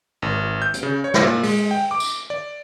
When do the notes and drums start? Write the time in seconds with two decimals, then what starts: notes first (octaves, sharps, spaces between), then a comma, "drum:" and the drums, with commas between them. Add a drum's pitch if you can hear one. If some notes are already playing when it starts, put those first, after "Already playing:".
0.22 G#1
0.62 G6
0.74 drum: hi-hat
0.83 C#3
1.04 C#5
1.14 drum: snare
1.23 A#2
1.43 G#3, drum: open hi-hat
1.71 G5
1.91 D6
2.00 drum: tambourine
2.30 D5